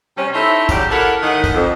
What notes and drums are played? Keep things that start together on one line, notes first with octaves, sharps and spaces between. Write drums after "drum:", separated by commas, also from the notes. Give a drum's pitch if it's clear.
C3 G3 C#4
D#4 E4 A4 C5 C#5 E5
C#3 F#3 G3 G4, drum: kick, tambourine
E4 A4 A#4 C#5 F5 F#5
A2 D#3 G#3 D#5 F#5
drum: kick, tambourine
F2